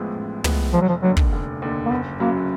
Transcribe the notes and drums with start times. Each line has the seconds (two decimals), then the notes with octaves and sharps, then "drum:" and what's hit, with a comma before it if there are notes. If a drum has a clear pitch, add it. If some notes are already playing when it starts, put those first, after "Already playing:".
Already playing: A1 A2 F3 G#3 B3
0.15 A1
0.44 A2 F3 G#3 B3, drum: tom
0.73 F1 F3
0.81 F#3
0.89 F3
1.03 D#2 D3 F#3
1.17 drum: kick
1.33 F1
1.62 D#2 D3
1.86 A#3
1.91 F#1 B3
2.20 F#2 C#3 F#3 A#3